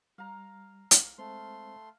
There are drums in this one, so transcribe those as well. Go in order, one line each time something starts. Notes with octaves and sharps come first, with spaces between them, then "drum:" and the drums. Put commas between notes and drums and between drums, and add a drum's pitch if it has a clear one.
G3 F5 A#5
F5, drum: hi-hat
G#3 A3 C4 C5 C6